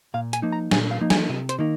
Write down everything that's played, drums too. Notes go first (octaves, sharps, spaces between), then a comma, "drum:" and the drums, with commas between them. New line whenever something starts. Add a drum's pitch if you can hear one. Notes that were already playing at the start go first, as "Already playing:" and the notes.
A#2 F5
G#5, drum: hi-hat
F3 A#3 D#4
A#5
A#2 G#5, drum: snare
F5
F3 A#3 D#4
G#5, drum: snare
C3 D#5
C5, drum: hi-hat
D#3 A#3 D#4